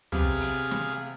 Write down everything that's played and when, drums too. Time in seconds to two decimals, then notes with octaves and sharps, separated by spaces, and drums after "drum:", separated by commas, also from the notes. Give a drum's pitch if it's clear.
0.12 C3 B3 G#4 F5 D6, drum: tom
0.41 drum: hi-hat
0.71 drum: snare